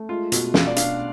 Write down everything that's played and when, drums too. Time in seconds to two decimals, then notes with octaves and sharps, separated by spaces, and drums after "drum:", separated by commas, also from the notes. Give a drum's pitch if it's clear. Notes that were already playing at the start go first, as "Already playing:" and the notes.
Already playing: A3
0.09 G#3 F4
0.32 B2 F#4, drum: hi-hat
0.54 B2 F5, drum: snare
0.67 D5
0.76 D4 F5, drum: hi-hat